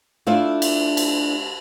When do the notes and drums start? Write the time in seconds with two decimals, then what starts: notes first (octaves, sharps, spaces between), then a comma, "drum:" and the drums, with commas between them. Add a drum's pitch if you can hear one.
0.27 A3 D4 E4 F4 D5
0.62 drum: cymbal
0.97 drum: cymbal